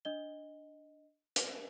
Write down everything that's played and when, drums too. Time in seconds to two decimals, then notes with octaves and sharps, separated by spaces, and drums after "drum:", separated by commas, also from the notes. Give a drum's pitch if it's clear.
0.05 D4 D#5 G7
1.36 drum: hi-hat